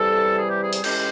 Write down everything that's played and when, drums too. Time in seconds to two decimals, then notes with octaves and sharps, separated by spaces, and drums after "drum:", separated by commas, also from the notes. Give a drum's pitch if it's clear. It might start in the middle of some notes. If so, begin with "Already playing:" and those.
Already playing: C3 E3 G3 A4
0.36 G#4
0.48 G4
0.60 G#4
0.72 G#4, drum: hi-hat
0.84 A2 E3 G#3 C#4 G4, drum: cymbal